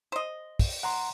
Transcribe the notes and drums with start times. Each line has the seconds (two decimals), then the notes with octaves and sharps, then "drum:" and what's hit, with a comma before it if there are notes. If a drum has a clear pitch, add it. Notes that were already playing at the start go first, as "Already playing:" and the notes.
0.12 C5 D#5
0.59 drum: kick, open hi-hat
0.83 F#5 A#5 C6